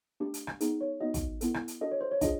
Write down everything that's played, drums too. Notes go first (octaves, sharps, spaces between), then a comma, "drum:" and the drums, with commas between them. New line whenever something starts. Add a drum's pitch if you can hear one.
A3 D4 G4
drum: hi-hat
drum: rim click
B3 D#4 G#4, drum: hi-hat
C#5
B3 D#4 F#4 D#5
drum: kick, hi-hat
B3 E4 A4, drum: hi-hat
drum: rim click
drum: hi-hat
D4 F#4 A4 D#5
C#5
C5
C#5
D4 F4 G#4 D#5, drum: kick, hi-hat